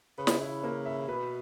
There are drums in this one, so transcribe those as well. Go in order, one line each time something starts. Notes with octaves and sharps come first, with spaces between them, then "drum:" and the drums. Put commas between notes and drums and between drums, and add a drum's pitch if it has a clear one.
C#3 B4
drum: snare
E4
A#3
E5
B2 B4